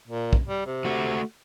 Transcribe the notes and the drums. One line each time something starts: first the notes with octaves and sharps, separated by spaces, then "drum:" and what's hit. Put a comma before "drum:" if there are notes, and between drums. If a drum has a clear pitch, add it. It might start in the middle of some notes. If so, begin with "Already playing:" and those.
A#2
drum: kick
G3
C3
A3 F#4